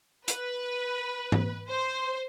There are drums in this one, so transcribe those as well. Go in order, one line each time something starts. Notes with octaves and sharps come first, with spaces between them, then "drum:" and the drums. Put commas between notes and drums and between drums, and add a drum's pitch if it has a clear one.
B4, drum: hi-hat
drum: tom
C5